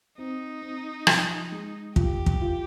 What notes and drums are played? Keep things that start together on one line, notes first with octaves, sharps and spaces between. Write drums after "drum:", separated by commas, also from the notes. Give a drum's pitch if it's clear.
C4 D#4
C4
F3, drum: rim click
G#3
F4 G4, drum: kick
drum: kick
F4